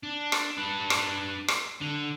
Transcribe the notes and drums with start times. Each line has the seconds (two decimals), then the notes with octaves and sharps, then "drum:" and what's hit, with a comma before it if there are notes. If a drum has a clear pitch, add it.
0.03 D4
0.32 drum: rim click
0.57 D4 B4
0.90 drum: rim click
1.48 drum: rim click
1.81 D3 D4